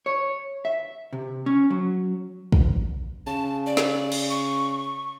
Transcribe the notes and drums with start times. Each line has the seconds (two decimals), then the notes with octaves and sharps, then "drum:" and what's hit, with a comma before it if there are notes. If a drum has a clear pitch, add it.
0.06 C#5
0.65 E5
1.13 C3
1.46 C#4
1.70 F#3
2.52 drum: kick
3.26 C#3 A5
3.66 D5
3.77 drum: snare
4.12 drum: cymbal
4.30 C#6